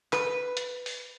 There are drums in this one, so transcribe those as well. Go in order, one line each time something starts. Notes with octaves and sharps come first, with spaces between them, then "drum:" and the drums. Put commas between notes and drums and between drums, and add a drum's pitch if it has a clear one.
B4, drum: clap
drum: hi-hat
drum: open hi-hat